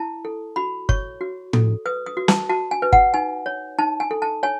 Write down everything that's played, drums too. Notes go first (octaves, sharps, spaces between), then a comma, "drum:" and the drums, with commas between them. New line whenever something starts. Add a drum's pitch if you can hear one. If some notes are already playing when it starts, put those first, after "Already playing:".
Already playing: E4 A5
A4
F#4 B5
C#5 C#6, drum: kick G1
F#4
A4, drum: tom A2
B4 D#6
D#6
F#4
A5, drum: snare
F#4 A5
G#5
B4
F#5, drum: kick G1
D#4 G#5
C#5
D#4 A5
G#5
A4
A5
C#5 G#5